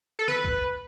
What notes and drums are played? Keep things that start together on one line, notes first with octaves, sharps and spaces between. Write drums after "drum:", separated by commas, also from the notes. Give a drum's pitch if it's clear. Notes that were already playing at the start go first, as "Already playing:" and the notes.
A4
B4, drum: snare
drum: kick